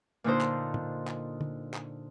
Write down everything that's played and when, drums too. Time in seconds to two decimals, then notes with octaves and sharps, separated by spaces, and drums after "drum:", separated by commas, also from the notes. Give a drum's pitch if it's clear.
0.24 A#2 D3 D#4 C5
0.41 drum: clap
0.74 drum: tom
1.07 drum: clap
1.41 drum: tom
1.74 drum: clap